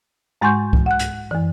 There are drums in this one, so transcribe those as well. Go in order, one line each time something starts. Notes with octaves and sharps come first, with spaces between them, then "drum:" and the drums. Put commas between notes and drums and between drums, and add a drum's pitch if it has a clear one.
G#2 G#3 G#5 C6 C#6 G6
drum: kick C2
F#5 F#6
drum: hi-hat
F#2 E3